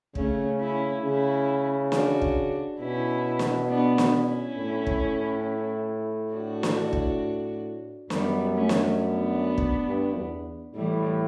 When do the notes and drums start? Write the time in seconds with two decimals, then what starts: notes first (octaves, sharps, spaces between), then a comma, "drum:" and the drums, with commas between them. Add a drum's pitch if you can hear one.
0.15 C#3 A3 C#4, drum: kick
0.60 C#4 E4
1.04 C#3 C#4 E4
1.92 D4 F#4, drum: snare
2.22 drum: kick
2.80 B2 C#4 E4
3.39 drum: snare
3.69 B3 D4
3.98 drum: snare
4.13 C#4 E4
4.57 A2
4.87 drum: kick
6.34 D4 F#4
6.63 drum: snare
6.93 drum: kick
8.10 F#2 G3 B3, drum: snare
8.54 A3 C#4
8.69 drum: snare
8.99 B3 D4
9.58 drum: kick
9.87 G2
10.17 E2
10.75 A2 E3 G3